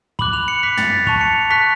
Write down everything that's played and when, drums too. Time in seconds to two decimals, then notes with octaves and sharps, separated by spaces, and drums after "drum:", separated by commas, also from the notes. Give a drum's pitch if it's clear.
0.19 B5 D6 F#6 F#7, drum: kick
0.33 F7
0.48 C#7
0.62 B5 D6 F#6 B6
0.77 A6, drum: tom
0.93 B6
1.06 A5 C#6 F#6 F7, drum: kick
1.21 C#7
1.50 A5 C#6 F#6 B6